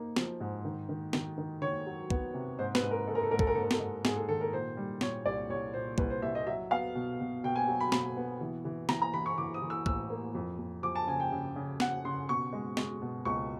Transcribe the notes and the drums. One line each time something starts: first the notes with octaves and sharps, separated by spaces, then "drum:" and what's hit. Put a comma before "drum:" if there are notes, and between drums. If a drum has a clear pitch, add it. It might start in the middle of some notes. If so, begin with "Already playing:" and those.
Already playing: A#3 D#4
F3, drum: snare
G#2
D#3
D#3
D#3, drum: snare
D#3
D#3 C#5
F#3
B3, drum: kick
C3
G#2 C5
B4, drum: snare
G#2
A#4
G#3 A4
A#4
A4
G#2 A#4
A4, drum: kick
A#4
G#2 A4
A#4
A4, drum: snare
G#2
G#2 G#4, drum: snare
A4
D#3 A4
A#4
A#2 C5
G3
A#2 C#5, drum: snare
C2 D5
C2 C#5
A#2 C5
C2 B4, drum: kick
C5
C2 E5
D#5
F#3 E5
B3 F5
B2
B2
B2 G5
G#5
F#3
B5
B2 B5, drum: snare
B3
E3
E3
E3 A#5, drum: snare
A#5
E3 B5
C#6
E3 D6
D#6
E3
E6
A2 E6, drum: kick
A#3
F2
F2
F3 D6
A5
C#3 G#5
G5
C#3
C#3
C#3 F#5, drum: snare
C#3 C6
B2 C#6
G#3
G#3, drum: snare
B2
C#2 C#6